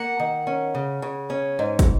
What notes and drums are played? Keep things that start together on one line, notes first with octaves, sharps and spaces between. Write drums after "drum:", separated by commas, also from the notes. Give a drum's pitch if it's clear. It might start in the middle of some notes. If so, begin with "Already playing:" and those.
Already playing: A#3 F#5
D#3
C#4
C#3
C#3
C#4
G#2
drum: kick, hi-hat